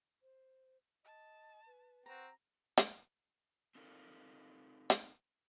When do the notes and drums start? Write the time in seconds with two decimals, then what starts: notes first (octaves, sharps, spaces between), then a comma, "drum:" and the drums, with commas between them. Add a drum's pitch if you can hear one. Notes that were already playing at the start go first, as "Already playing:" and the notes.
0.23 C5
1.04 D#5 A5
1.66 B4
2.06 C4 F#4 A#5
2.77 drum: hi-hat
3.75 C4 D#4 F4 A4 A#4
4.90 drum: hi-hat